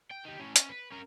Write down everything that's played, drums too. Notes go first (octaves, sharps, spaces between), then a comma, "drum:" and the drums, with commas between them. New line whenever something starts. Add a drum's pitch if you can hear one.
G5
D#4 G4
A2 C#4
C#4, drum: hi-hat
B4
C#4 A#4